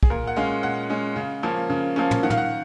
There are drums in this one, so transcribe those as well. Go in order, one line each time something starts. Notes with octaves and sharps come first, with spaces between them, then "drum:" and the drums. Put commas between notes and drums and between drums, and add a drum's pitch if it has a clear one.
G#4, drum: kick
A#2 A#4
F#5
G#3 C#4 F5
A#2 F#5
G#3 C#4
C#3
F3 A#3 C#4
C#3
F3 A#3 C#4
drum: tom
D#3 F#5
F5, drum: tom
F#5